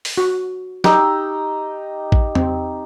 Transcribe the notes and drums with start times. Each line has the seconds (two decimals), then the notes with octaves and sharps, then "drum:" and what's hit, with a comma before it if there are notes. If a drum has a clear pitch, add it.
0.05 drum: open hi-hat
0.17 F#4
0.84 D#4 G4 E6, drum: snare
2.12 drum: kick A1
2.35 C4, drum: tom E2